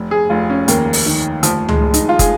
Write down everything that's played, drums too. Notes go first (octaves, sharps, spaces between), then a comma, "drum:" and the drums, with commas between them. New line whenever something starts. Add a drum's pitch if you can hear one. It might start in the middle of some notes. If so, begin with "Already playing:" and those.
Already playing: F1
G#4
F1 F4
C#4
D#2 A#3, drum: hi-hat
drum: open hi-hat
D#3
F1 F3, drum: hi-hat
G#3, drum: tom C#2
F1
D#4, drum: hi-hat
F4
G#4, drum: kick, hi-hat